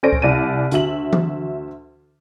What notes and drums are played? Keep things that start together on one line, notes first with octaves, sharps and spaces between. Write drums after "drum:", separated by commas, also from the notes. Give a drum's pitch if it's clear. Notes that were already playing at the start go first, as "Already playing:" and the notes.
C#4 A4 C5 D5 A#6 D7
drum: kick C#2
C2 D5 G#5 D#7
D2 F#4 E5 F#7, drum: hi-hat
drum: tom E3